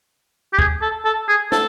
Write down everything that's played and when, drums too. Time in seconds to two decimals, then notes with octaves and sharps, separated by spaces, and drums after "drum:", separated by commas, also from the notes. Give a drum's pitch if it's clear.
0.53 G4
0.59 G#4, drum: kick
0.82 A4
1.05 A4
1.29 G#4
1.52 A4, drum: snare